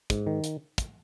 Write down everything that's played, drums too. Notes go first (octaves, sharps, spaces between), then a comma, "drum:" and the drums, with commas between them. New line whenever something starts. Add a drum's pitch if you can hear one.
G#2, drum: kick, hi-hat
D#3
drum: hi-hat
drum: kick, hi-hat